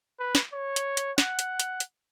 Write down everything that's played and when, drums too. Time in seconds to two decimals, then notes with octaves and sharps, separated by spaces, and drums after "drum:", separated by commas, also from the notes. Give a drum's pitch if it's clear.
0.19 B4
0.35 drum: snare
0.52 C#5
0.76 drum: hi-hat
0.97 drum: hi-hat
1.18 F#5, drum: snare
1.39 drum: hi-hat
1.60 drum: hi-hat
1.80 drum: hi-hat